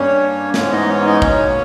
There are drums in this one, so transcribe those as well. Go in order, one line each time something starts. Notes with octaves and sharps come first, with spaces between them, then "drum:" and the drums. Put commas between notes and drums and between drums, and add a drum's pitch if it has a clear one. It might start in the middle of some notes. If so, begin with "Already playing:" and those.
Already playing: G2 G3 A#3 C#4 C#5
G#2 E3 G#3 B3 C#4 C#5, drum: snare
D#4 D#5
C#4 C#5
D#4 D#5
B2 A#3 C#4 C#5, drum: kick